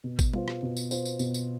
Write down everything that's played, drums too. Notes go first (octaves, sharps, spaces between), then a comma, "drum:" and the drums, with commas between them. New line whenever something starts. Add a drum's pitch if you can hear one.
B2
drum: kick, tambourine
B3 F4 C5, drum: tom G3
drum: rim click
B2
drum: tambourine
B3 F4 C5, drum: tambourine
drum: tambourine
B2, drum: tambourine
drum: tambourine